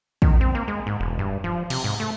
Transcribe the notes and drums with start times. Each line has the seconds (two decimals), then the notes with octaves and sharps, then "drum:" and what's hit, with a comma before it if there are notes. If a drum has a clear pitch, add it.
0.22 D#3, drum: kick
0.41 C4
0.55 A#3
0.68 G#3
0.87 G#2
1.00 E1
1.19 G2
1.44 F3
1.70 C3, drum: cymbal
1.84 G#2
2.00 A3